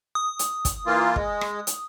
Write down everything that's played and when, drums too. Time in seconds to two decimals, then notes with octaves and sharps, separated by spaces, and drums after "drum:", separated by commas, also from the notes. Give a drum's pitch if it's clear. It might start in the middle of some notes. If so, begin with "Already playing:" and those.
0.15 D#6
0.39 drum: hi-hat
0.65 drum: kick, hi-hat
0.86 E3 A#3 F4
1.16 G#3, drum: kick
1.41 drum: rim click
1.67 drum: hi-hat